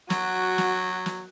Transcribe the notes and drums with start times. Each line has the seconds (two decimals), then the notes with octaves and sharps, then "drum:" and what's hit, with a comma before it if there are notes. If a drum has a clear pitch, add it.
0.10 F#3 F#4, drum: snare
0.58 drum: snare
1.06 drum: snare